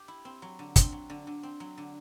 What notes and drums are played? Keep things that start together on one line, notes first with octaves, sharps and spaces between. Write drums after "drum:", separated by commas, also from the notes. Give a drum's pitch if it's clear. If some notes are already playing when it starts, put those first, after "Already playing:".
Already playing: G4
E4
C4
F#3
D3
C4, drum: kick, hi-hat
F#3
D3
D3
C4
F#3
D3